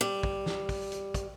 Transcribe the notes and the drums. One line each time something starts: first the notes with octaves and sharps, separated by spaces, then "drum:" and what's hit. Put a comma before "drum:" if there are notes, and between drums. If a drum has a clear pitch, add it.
G3
drum: kick
drum: snare
drum: kick, open hi-hat
drum: hi-hat
drum: kick, hi-hat